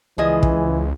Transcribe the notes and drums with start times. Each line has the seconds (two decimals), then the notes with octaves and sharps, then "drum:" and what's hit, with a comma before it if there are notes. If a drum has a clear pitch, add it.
0.18 C#2 E3 F3 G#4 D#5
0.43 drum: kick